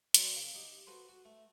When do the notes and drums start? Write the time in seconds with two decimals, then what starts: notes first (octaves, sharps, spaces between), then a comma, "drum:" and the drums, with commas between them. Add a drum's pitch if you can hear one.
0.14 F#3 D4 B4 C5 D5, drum: hi-hat
0.36 C#3 A#3
0.54 D#4 G4
0.86 F#4 A4 B4 C5
1.09 F#4
1.25 A3